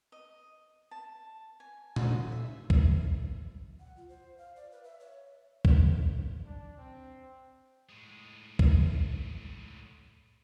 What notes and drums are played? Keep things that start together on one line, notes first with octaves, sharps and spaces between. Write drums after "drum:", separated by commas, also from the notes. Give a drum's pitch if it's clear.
D#5
A5
G#5
drum: tom A#2
E5
drum: kick
F#5
F4
C5
F5
D5
B4
E5
C#5
drum: kick
D4
C4
A2 G#3
drum: kick